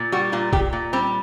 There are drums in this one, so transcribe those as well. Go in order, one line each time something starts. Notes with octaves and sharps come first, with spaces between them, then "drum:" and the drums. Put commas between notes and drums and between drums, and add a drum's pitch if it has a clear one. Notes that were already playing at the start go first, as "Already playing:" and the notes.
Already playing: A#2
G3 F#4
A#2 F4
A#2 G4, drum: kick
A#2
G3 C4